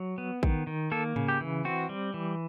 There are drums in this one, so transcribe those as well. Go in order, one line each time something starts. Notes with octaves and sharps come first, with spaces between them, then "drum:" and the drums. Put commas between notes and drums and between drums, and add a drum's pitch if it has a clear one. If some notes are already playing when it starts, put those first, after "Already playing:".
Already playing: F#3
B3
D#3, drum: kick
D#3
A#3 A4
C#3, drum: tom G#2
G4
E3
C4 F#4
G3
E3